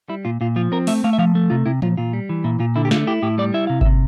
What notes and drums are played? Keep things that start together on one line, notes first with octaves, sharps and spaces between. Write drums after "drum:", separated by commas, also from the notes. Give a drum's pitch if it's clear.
G3 E4
A#2 F4
A#2 F4
F3 F4
C4 A#4
A3 E5, drum: open hi-hat
A3 F5
E5
F3 F5
A3
C3 F4
C3 E4
A#2 F4, drum: tom E3
A#2 F4
G3
E3
A#2 E4
A#2 F4
D3 E4
G4
A3 F4, drum: snare
E4 G4
A2 G4
G3 D5
E4 E5
C3 F5
E5, drum: kick G1
C3